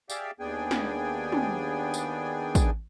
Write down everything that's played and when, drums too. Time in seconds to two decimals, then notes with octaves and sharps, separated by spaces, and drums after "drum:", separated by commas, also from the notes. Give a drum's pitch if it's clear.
0.10 G4 G#4 D5 E5 F5 G5, drum: tambourine
0.40 D#2 B3 D4 G#4 G5 G#5
0.71 drum: snare
1.32 drum: tom
1.94 drum: tambourine
2.55 drum: kick, tambourine